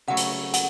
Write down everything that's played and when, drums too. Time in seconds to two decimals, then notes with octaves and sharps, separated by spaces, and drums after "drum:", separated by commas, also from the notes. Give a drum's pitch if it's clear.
0.08 C#3 F#3 A3 F#5
0.17 drum: hi-hat
0.54 F#5, drum: hi-hat